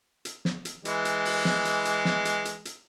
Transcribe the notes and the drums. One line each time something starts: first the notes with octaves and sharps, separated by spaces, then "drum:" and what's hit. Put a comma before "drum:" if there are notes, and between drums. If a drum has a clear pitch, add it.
drum: hi-hat
drum: snare
drum: hi-hat
E3 G#3, drum: hi-hat
drum: hi-hat
drum: open hi-hat
drum: snare
drum: hi-hat
drum: hi-hat
drum: snare
drum: hi-hat
drum: hi-hat
drum: hi-hat